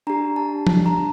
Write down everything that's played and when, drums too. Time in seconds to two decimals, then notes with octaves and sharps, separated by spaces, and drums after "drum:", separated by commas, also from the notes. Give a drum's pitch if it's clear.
0.07 D4 G4 A#5
0.36 A5
0.67 A5, drum: tom F3
0.86 A#5